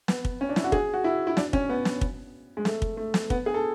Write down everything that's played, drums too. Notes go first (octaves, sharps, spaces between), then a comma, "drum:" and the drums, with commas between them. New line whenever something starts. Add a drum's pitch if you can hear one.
B3, drum: snare
drum: kick
C#4
D4
E4, drum: snare
F#4
G#4, drum: kick
F#4
E4
E4
D4, drum: snare
C#4, drum: kick
B3
drum: snare
drum: kick
G#3
A3, drum: snare
drum: kick
A3
drum: snare
B3, drum: kick
G#4
A4